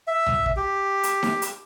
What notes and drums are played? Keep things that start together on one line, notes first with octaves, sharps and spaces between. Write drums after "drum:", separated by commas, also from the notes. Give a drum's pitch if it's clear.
E5
drum: tom
drum: kick
G4
drum: hi-hat
drum: snare D#4
drum: hi-hat